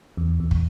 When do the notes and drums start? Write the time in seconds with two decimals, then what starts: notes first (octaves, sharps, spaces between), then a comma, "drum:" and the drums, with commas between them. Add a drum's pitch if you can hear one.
0.17 E2
0.40 E2
0.51 drum: kick